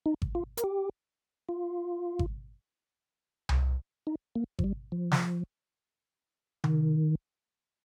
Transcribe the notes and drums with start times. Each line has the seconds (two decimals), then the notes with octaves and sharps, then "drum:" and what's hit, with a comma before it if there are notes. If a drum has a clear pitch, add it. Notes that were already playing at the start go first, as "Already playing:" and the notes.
0.06 D#4
0.22 drum: kick G#1
0.35 F4
0.57 A#4, drum: hi-hat
0.64 G4
1.49 F4
2.19 drum: kick G#1
3.49 drum: tom C2
4.07 D#4
4.35 A#3
4.59 F3, drum: kick G#1
4.64 G3
4.92 F3
5.11 drum: snare
6.64 D#3, drum: tom C3